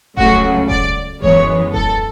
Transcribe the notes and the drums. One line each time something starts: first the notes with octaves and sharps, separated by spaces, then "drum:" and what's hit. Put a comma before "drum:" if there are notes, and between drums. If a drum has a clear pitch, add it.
C#2 C#3 F#3 A3 F#4, drum: kick D#1
D5, drum: kick D#1
F#2 E3 G#3 B3 C#5, drum: kick D#1
A4, drum: kick D#1